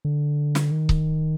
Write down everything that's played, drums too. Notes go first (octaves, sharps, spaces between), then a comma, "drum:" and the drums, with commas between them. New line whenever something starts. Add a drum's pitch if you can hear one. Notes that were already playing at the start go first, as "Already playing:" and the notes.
D3
drum: snare
D#3
drum: kick C#1